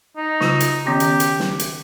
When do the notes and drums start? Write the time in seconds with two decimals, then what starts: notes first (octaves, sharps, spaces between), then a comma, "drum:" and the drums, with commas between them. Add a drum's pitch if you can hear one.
0.17 D#4
0.41 C#3 F4 E6, drum: snare
0.60 drum: hi-hat
0.86 D#3 B3 C#4 G4
1.00 drum: hi-hat
1.20 drum: hi-hat
1.40 drum: snare
1.59 drum: hi-hat